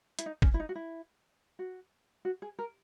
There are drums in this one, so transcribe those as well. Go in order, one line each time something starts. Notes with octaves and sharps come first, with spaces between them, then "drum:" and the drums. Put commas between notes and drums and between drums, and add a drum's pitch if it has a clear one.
E4, drum: hi-hat
D#4
C#4, drum: kick
E4
D#4
F#4
E4
F#4
F#4
G#4
A#4